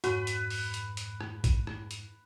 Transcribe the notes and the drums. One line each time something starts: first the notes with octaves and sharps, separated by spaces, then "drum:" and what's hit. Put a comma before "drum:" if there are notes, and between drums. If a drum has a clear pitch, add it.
F2 G#2 F#4 B4, drum: hi-hat
drum: hi-hat
drum: open hi-hat
drum: hi-hat
drum: hi-hat
drum: rim click
drum: kick A#1, hi-hat
drum: rim click
drum: hi-hat